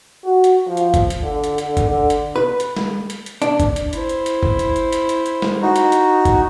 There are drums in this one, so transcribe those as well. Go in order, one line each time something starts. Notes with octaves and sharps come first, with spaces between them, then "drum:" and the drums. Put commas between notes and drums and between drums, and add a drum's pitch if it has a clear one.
F#4
drum: hi-hat
F3
drum: hi-hat
drum: kick, hi-hat
drum: hi-hat
D3
drum: hi-hat
D3, drum: hi-hat
drum: kick, hi-hat
D3
drum: hi-hat
B4
drum: hi-hat
drum: snare
drum: hi-hat
drum: hi-hat
D4, drum: hi-hat
drum: kick, hi-hat
drum: hi-hat
E4 C5, drum: hi-hat
drum: hi-hat
drum: hi-hat
drum: kick
drum: hi-hat
drum: hi-hat
drum: hi-hat
drum: hi-hat
drum: hi-hat
drum: snare
D#4 F#4
drum: hi-hat
drum: hi-hat
drum: kick, hi-hat